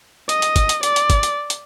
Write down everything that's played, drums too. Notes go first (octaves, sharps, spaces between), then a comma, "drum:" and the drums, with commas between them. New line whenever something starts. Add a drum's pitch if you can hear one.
D#5, drum: hi-hat
drum: hi-hat
drum: kick, hi-hat
drum: hi-hat
D5, drum: hi-hat
drum: hi-hat
drum: kick, hi-hat
drum: hi-hat
drum: hi-hat